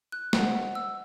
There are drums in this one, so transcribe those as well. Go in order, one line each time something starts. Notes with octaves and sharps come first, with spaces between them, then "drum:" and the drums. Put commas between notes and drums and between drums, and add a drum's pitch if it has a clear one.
F#6
C5 D#5 F#5, drum: snare A3
E6